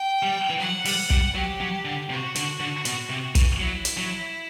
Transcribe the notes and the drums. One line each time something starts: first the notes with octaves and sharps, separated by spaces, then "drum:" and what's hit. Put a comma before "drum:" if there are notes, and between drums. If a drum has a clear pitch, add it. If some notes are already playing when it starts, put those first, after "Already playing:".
Already playing: G5
G3
E3
F#3 F#5
G3, drum: open hi-hat
G3, drum: kick
F#3 G4
F#3
D3
C3 F#4
D3, drum: hi-hat
D3
B2, drum: hi-hat
C3
E3, drum: kick, hi-hat
F#3 E4
drum: hi-hat
F#3